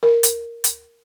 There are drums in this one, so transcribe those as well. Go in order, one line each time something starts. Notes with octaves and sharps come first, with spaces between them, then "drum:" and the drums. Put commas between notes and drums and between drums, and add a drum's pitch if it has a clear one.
A#4
drum: hi-hat
drum: hi-hat